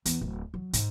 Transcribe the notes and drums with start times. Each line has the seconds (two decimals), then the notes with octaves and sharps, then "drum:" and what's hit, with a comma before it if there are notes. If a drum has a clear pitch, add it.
0.05 E2, drum: hi-hat
0.21 D1
0.54 F#3
0.73 G#2, drum: hi-hat